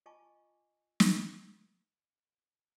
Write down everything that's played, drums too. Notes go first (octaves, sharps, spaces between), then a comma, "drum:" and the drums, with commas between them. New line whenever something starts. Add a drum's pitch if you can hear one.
F4 D#5 G#5 A5 C#6 D6
drum: snare